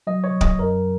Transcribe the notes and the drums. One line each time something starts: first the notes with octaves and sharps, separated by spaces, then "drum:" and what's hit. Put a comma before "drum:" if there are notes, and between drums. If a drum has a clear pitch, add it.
F#3 D#5
C#5
F#3
D#5, drum: kick D1
F#2 A#4